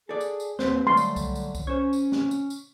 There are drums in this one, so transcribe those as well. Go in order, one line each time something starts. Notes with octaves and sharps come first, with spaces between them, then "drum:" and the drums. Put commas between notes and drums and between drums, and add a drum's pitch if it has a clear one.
G#4 A4 D5
drum: tambourine
drum: tambourine
D#2 C4 B4 C5, drum: snare
D3 F#3 G3 A3 C6
drum: tambourine
drum: kick C2, tambourine
drum: tambourine
drum: kick C2, tambourine
C#4 C5 C#5
drum: tambourine
drum: snare
drum: tambourine
drum: tambourine